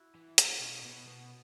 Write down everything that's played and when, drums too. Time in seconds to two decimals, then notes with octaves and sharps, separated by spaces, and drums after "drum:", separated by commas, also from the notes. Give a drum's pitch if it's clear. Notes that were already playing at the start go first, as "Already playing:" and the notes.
Already playing: E4 F#4
0.15 E3
0.38 C#3, drum: hi-hat
0.61 B2 C#4
0.84 B2 B3
1.07 B2 B3